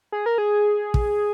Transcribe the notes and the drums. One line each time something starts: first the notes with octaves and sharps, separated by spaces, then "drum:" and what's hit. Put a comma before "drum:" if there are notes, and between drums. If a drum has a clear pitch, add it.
G#4
A#4
G#4
drum: kick